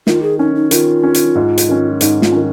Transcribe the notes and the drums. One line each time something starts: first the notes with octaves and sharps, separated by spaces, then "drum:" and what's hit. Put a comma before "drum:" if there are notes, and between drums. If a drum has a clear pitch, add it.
D#3 F4, drum: snare
G#4
C#4 D#4
D#4
D#3 F4, drum: hi-hat
C#4
drum: hi-hat
G#2
drum: hi-hat
D#3 C#4
G#2 D#4, drum: hi-hat
F4, drum: snare
D#3 C#4